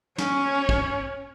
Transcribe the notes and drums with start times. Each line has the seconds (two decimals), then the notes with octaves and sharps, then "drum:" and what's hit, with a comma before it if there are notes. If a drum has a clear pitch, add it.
0.18 C#4 C#5, drum: snare
0.69 drum: kick